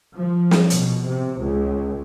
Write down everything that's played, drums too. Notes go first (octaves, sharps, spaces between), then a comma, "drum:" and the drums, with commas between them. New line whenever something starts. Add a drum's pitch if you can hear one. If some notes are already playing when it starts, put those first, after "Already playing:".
F3
drum: snare
B2, drum: hi-hat
C3
C#2